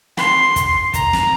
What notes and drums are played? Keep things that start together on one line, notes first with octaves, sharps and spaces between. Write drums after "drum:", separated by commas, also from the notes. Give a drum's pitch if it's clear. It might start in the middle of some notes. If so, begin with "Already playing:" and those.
C6, drum: snare
drum: kick, hi-hat
A#5, drum: kick, hi-hat
drum: snare